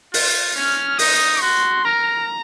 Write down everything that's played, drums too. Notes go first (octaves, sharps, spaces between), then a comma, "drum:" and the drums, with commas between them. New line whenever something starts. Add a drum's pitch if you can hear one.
F4, drum: open hi-hat
C#4 F6
D#4 D#6, drum: open hi-hat
F#4 C6
A#4 A#5